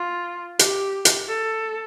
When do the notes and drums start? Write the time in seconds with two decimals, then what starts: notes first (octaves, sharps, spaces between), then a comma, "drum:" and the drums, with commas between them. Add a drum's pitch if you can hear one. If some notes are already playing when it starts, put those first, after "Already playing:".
Already playing: F4
0.59 G4, drum: hi-hat
1.05 drum: hi-hat
1.28 A4